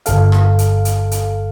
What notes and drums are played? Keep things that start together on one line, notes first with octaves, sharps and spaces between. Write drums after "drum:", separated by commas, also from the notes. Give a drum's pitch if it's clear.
G1 A4 F5, drum: hi-hat
drum: rim click
drum: hi-hat
drum: hi-hat
drum: hi-hat